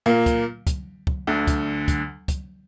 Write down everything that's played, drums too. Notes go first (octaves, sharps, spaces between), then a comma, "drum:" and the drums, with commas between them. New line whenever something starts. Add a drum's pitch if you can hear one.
A#2 A#3
drum: kick, hi-hat
drum: kick, hi-hat
drum: kick
D2 D3
drum: kick, hi-hat
drum: kick, hi-hat
drum: kick, hi-hat